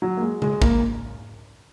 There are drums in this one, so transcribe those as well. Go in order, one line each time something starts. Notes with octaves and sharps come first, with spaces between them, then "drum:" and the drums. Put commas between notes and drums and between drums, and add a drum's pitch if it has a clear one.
F#3
A#3
G#3
G#3, drum: tom C#3
A#3, drum: kick